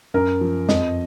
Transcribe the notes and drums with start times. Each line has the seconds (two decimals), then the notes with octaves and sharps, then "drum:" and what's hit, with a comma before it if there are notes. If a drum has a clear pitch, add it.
0.14 F#2 A#4
0.41 F3
0.69 F2 D#5, drum: snare